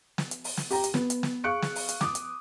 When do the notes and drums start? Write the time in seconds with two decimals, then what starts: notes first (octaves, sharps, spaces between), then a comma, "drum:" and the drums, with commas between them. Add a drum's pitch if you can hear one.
0.18 drum: snare
0.31 drum: hi-hat
0.44 drum: open hi-hat
0.57 drum: snare
0.71 G4 G5 A#5, drum: open hi-hat
0.84 drum: hi-hat
0.94 B3, drum: snare
1.10 drum: hi-hat
1.23 drum: snare
1.44 G#4 F5 C#6 F#6 C#7 D7
1.62 drum: snare
1.75 drum: open hi-hat
1.89 drum: hi-hat
2.01 D6 D#6, drum: snare
2.15 drum: hi-hat